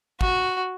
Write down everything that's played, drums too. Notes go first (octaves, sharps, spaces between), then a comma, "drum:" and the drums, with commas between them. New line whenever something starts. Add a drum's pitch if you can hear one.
F#4, drum: kick